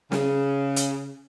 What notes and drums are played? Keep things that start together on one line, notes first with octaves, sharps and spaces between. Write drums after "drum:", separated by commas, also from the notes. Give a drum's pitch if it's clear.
C#3, drum: snare
drum: hi-hat